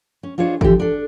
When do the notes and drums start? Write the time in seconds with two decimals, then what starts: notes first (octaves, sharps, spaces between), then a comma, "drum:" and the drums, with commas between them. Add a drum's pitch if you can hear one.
0.23 C#4
0.38 D4 F4 G#4 C5 C#5 D#5
0.61 D3 E3 F3 G4, drum: kick G#1
0.80 D4 A4